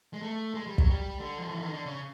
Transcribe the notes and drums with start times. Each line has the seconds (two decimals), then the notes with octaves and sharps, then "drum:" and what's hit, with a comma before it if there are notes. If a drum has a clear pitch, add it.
0.13 G#3
0.22 A3
0.55 G#3
0.67 G3
0.78 F#3, drum: kick
0.90 G3
1.20 D3
1.38 F3
1.50 E3
1.62 D#3
1.74 D3
1.86 C#3